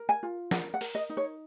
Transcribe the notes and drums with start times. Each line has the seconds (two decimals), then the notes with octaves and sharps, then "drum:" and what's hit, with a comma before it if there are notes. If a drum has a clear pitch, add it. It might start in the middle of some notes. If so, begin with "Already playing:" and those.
Already playing: A#4
0.09 G#5
0.23 F4
0.51 A#4 F#5, drum: snare
0.74 F#5
0.81 A#4, drum: open hi-hat
0.95 D#5
1.10 D#4
1.17 C#5